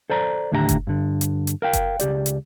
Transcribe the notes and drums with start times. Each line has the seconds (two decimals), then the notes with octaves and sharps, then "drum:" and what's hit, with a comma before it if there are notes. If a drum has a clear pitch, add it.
0.10 A4 C5 D5 A#5
0.52 D#2 A2 D3 G4 A#4 A#5
0.69 drum: kick F#1, hi-hat
0.87 G2 D3
1.21 drum: hi-hat
1.47 drum: hi-hat
1.62 A#4 F5 G5
1.73 drum: kick F#1, hi-hat
2.00 C#2 G4 D5, drum: hi-hat
2.26 drum: hi-hat